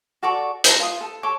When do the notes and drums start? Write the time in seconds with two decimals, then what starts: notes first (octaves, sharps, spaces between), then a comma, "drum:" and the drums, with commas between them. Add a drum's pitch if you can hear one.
0.23 F#4 A4 D5 C#6
0.64 A4 A#5, drum: hi-hat
0.80 F4 D#6
1.01 A4
1.23 A4 C#5 D6